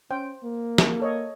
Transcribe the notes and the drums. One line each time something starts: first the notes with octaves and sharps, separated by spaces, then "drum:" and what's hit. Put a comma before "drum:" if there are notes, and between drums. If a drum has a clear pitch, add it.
C#4 C5 G5
A#3
drum: snare
A4 C#5 D#5